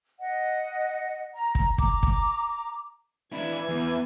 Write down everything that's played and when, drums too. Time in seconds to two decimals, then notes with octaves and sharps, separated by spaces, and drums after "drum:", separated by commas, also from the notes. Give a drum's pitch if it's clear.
0.20 D#5 F#5
1.34 A#5
1.55 drum: kick
1.78 A#5 D6, drum: kick
2.03 drum: kick
3.32 E3 D4 E4 G#6
3.69 E2